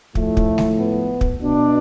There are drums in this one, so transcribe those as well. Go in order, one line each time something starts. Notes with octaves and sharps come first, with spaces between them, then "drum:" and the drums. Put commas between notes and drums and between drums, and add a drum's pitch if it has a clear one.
A2 F3 A3, drum: kick
drum: kick
drum: snare G#3
B3
drum: kick
B2 D4